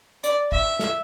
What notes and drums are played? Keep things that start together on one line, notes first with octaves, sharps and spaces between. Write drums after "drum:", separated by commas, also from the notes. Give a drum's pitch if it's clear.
D5, drum: hi-hat
E5, drum: kick
drum: snare